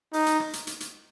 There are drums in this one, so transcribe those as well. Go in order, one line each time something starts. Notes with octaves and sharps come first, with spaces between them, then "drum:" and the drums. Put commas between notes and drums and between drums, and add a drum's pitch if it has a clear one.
D#4, drum: open hi-hat
drum: hi-hat
drum: rim click
drum: hi-hat
drum: hi-hat
drum: hi-hat